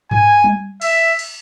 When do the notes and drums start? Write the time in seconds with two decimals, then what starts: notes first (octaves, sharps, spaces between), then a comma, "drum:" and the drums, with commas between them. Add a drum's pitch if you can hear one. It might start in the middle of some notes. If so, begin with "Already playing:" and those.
0.11 G#5, drum: tom G2
0.44 drum: tom G3
0.81 E5, drum: cymbal
1.19 drum: cymbal